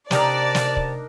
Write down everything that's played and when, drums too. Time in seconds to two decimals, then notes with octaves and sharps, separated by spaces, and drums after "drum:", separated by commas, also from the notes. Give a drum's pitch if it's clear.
0.11 C3 D4 D#4 A#4 D5 A5, drum: snare
0.55 drum: snare
0.77 drum: kick